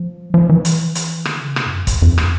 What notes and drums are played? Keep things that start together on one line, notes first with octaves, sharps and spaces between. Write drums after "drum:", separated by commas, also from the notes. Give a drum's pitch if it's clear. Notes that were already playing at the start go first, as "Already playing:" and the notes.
Already playing: F3
F3
E3
drum: hi-hat
drum: hi-hat
D3, drum: rim click
C#3
C3, drum: rim click
F#2
F2
E2, drum: kick, hi-hat
F2
drum: rim click